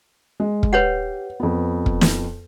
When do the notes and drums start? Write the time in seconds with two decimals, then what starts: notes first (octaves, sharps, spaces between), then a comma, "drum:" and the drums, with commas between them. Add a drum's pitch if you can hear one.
0.40 G#3
0.63 drum: kick
0.73 G4 B4 C#5 F#5
1.40 F2 B3
1.86 drum: kick
2.01 drum: snare